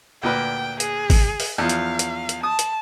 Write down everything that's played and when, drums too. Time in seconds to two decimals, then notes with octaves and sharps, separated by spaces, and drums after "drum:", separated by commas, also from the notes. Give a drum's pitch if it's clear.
0.23 D2 A#2 B4 G5
0.80 G#4, drum: hi-hat
1.10 drum: kick, open hi-hat
1.40 drum: open hi-hat
1.58 E2 F3 F5
1.69 drum: hi-hat
1.99 drum: hi-hat
2.29 drum: hi-hat
2.43 A5 D#6
2.59 drum: hi-hat